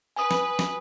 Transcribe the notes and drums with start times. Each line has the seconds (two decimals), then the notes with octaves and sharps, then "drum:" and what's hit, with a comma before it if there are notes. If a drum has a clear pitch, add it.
0.16 B4 G#5 D#6
0.31 drum: snare
0.59 drum: snare